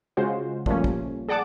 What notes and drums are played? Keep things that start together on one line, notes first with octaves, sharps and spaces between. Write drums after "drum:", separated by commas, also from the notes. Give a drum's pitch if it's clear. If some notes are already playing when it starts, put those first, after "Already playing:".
C#3 G#3 C#4 F4 F#4 C5
A#2 F3 G3 A3 A#3 C#4, drum: kick
drum: kick
G#4 D5 F#5 A5 D6